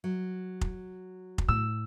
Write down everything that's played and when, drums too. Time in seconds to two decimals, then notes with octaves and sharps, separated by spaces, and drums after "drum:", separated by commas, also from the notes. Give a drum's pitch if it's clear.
0.04 F#3
0.61 drum: kick F1
1.38 drum: kick F1
1.48 A2 E6